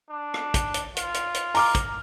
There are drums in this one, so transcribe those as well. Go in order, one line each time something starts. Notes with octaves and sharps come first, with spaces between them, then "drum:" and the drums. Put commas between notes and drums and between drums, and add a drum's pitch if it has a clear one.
D4
drum: rim click
drum: kick, hi-hat
drum: hi-hat
F4, drum: hi-hat
drum: hi-hat
drum: hi-hat
A#5 D6 F6, drum: open hi-hat
drum: kick, hi-hat